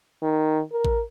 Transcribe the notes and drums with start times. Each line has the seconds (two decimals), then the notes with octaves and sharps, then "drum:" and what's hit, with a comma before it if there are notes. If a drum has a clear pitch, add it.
0.23 D#3
0.72 A#4
0.85 drum: kick A1